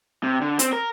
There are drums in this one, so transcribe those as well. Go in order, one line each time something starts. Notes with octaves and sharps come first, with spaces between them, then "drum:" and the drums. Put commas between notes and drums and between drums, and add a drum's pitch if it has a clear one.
C3
D3
C4, drum: hi-hat
A#4